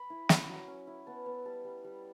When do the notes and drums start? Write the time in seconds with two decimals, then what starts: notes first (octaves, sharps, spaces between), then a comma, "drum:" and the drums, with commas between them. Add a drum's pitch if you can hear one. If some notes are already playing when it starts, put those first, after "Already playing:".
Already playing: B5
0.10 E4
0.29 C#4, drum: snare
0.49 F#3
0.68 C#4
0.87 E4
1.07 B3 A5
1.26 B3
1.45 G3 A5
1.64 G3
1.84 G3